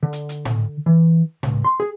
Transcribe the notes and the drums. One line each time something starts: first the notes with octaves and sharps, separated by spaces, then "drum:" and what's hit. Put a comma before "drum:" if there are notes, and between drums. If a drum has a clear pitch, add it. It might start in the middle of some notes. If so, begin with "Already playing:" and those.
D3
drum: hi-hat
drum: hi-hat
drum: tom A2
E3
C#2, drum: tom A2
C6
G#4